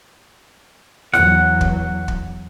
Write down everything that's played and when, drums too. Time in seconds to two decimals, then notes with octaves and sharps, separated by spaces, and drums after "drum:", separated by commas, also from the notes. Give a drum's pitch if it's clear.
1.14 E2 F#3 F#5, drum: snare
1.61 drum: kick
2.08 drum: kick